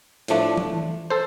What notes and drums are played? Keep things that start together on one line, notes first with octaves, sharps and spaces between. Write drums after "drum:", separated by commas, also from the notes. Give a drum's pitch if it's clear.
A2 F3 A3 D4, drum: hi-hat
drum: tom E3
A4 C5